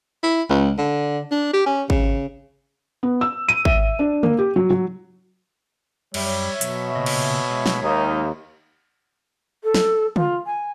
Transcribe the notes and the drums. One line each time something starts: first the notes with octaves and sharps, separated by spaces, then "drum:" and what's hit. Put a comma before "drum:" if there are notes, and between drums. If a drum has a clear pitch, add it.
E4
C#2
D3
D4
G4
C#4
C#3, drum: kick G#1
B3
E6
D#7
E5, drum: kick G#1
D4
A#3, drum: tom
G4
F#3
F#3
F#2 G3 C#5 E5, drum: cymbal
B2 F#3, drum: hi-hat
A#2 C#3 D#5
drum: cymbal
G#3
drum: snare
D#2 D#4
A4
drum: snare
F4, drum: tom
G#5